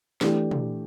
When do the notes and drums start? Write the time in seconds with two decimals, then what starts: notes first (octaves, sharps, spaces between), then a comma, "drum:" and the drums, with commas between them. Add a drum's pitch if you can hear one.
0.21 E3 A3 D4 G4, drum: snare
0.51 drum: tom